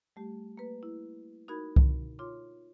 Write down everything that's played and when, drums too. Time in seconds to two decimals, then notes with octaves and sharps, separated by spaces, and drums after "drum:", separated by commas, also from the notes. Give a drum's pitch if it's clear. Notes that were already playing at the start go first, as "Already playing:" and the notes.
0.16 G3 A3 G4
0.58 A#3 B4
0.83 E4
1.48 D#4 F#4 A#4 B5 G#6
1.76 drum: kick C2
2.19 F4 C#5 C6 D6